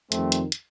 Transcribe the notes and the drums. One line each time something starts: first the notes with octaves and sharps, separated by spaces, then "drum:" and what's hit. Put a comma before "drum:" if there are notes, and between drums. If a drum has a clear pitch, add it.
F2 D#3 G3 A3 C4, drum: hi-hat
drum: hi-hat
drum: hi-hat